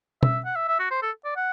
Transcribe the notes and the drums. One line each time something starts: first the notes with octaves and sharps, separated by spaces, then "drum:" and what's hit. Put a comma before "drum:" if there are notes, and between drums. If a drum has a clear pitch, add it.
E5, drum: tom
F#5
E5
E5
F#4
C5
A4
D5
F#5